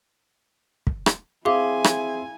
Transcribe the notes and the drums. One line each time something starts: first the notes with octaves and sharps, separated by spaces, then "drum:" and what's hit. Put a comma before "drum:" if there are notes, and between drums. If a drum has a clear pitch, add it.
drum: kick
drum: rim click
C4 E4 G#4 E5 F5 G#5 C6 D6
drum: rim click